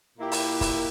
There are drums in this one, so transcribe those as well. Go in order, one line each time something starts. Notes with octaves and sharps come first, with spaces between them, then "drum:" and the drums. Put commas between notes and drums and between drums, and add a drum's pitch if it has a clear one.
A#2 A#3 E4 G4
drum: open hi-hat
drum: kick, open hi-hat